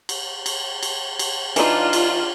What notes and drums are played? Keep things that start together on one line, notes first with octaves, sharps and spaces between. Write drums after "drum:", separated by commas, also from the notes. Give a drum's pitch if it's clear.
drum: cymbal
drum: cymbal
drum: cymbal
drum: cymbal
E3 D4 D#4 F4, drum: cymbal
drum: cymbal